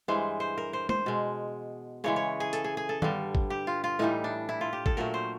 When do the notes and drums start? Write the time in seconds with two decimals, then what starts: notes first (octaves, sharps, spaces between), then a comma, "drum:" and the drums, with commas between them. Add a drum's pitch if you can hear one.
0.08 G2 E3 G#3 C5
0.40 C5
0.58 A#4
0.73 C5
0.89 C5, drum: tom
1.06 B2 G#3
2.04 C#3 E3 G#3 C#5
2.16 C#5
2.40 G#4
2.53 A4, drum: hi-hat
2.64 G#4
2.77 G#4
2.89 A4
3.02 G2 D3 G3, drum: tom D#3
3.35 drum: kick G#1
3.50 G4
3.67 F4
3.84 F4
3.99 A2 E3 G3 D#4
4.24 D4
4.49 E4
4.61 F4
4.73 G4
4.86 A4, drum: kick G#1
4.97 A#2 F#3 A3 A#4
5.14 C5